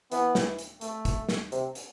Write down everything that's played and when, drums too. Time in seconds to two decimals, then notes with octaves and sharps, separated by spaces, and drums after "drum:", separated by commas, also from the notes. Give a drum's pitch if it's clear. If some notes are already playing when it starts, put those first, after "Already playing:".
0.12 E3 B3, drum: hi-hat
0.35 drum: snare
0.58 drum: hi-hat
0.81 A3, drum: hi-hat
1.05 drum: kick, hi-hat
1.29 drum: snare
1.52 C3, drum: hi-hat
1.75 drum: hi-hat